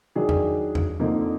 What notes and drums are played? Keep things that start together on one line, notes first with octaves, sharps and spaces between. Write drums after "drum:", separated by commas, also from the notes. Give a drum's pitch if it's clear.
D#3 F#3 D4 G#4
drum: tom E2
drum: tom E2
F2 D3 F3 A#3 D#4